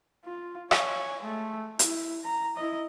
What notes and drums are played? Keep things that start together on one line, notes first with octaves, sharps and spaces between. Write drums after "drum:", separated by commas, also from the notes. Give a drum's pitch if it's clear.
F4
C#5 G#5, drum: rim click
G#3 A3
E4, drum: hi-hat
A#5
E4 D#5